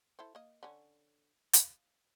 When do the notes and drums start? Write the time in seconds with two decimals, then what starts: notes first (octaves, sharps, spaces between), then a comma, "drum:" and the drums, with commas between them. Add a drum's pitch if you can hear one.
0.19 E4 A4 C5
0.35 A#3 D#5
0.63 D3 C#4
1.53 F5 B5, drum: hi-hat